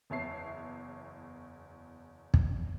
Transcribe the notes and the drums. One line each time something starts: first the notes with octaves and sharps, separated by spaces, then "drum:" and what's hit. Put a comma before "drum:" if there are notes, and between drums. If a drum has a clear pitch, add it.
F#1 E2 E4 C#5 A5 C7
drum: kick